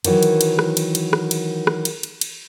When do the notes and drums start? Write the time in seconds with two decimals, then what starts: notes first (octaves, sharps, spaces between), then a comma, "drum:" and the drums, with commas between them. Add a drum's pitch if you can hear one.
0.04 D#3 E3 F#3, drum: cymbal
0.23 drum: cymbal
0.41 drum: cymbal
0.59 drum: rim click
0.77 drum: cymbal
0.95 drum: cymbal
1.13 drum: rim click
1.31 drum: cymbal
1.67 drum: rim click
1.85 drum: cymbal
2.03 drum: cymbal
2.21 drum: cymbal